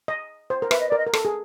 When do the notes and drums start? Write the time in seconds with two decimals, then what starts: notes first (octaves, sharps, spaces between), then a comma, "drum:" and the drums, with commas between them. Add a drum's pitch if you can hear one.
0.08 D#5
0.50 C5
0.62 A#4
0.71 B4 E5, drum: rim click
0.80 D#5
0.89 A#4 D5
0.98 D#5
1.07 A#4
1.13 A4, drum: rim click
1.25 G#4